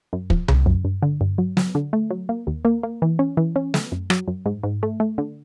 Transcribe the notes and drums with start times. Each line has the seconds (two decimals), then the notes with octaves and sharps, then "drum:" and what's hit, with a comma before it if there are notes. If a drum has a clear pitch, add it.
0.13 F#2
0.30 F3, drum: kick
0.48 C#3, drum: tom C2
0.66 F#2
0.84 G2
1.03 D3
1.21 G2
1.38 F#3
1.57 F#3, drum: snare
1.75 D3
1.93 A3
2.11 F#3
2.29 A#3
2.47 D#2
2.65 A#3
2.83 A#3
3.02 E3
3.19 C#4
3.37 E3
3.56 C#4
3.74 A3, drum: snare
3.92 F#2
4.10 F#3, drum: rim click
4.28 F#2
4.46 G#2
4.63 G#2
4.83 A3
5.00 A3
5.18 D3